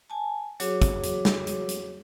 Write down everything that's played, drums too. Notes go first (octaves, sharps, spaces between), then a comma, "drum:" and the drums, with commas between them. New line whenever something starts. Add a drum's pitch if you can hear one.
G#5 A5
F#3 F#4 G#4 C#5 D6, drum: hi-hat
drum: kick, hi-hat
drum: hi-hat
drum: snare
drum: hi-hat
drum: hi-hat